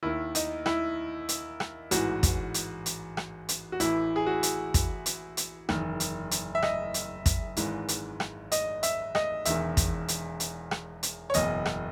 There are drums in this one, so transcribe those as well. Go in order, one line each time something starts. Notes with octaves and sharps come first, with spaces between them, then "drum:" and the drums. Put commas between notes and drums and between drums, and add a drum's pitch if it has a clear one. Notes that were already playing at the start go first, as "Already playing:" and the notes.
D#2 D#3 E4
D#4, drum: hi-hat
E4, drum: rim click
drum: hi-hat
drum: rim click
A1 G#2 E3 F#4, drum: hi-hat
drum: kick, hi-hat
drum: hi-hat
drum: hi-hat
drum: rim click
drum: hi-hat
F#4
A1 A2 E3 E4, drum: hi-hat
G#4
F#4
drum: hi-hat
drum: kick, hi-hat
drum: hi-hat
drum: hi-hat
F#1 E2 D#3, drum: rim click
drum: hi-hat
drum: hi-hat
E5
D#5, drum: rim click
drum: hi-hat
drum: kick, hi-hat
G#1 G#2 E3, drum: hi-hat
drum: hi-hat
drum: rim click
D#5, drum: hi-hat
E5, drum: hi-hat
D#5, drum: rim click
E1 E2 D#3 E5, drum: hi-hat
drum: kick, hi-hat
drum: hi-hat
drum: hi-hat
drum: rim click
drum: hi-hat
C#5
F#1 E2 B2 D#5, drum: hi-hat
drum: rim click